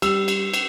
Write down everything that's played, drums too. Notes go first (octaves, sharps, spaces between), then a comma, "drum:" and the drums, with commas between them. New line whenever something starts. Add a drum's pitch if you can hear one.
G3 E6, drum: cymbal
drum: cymbal
drum: cymbal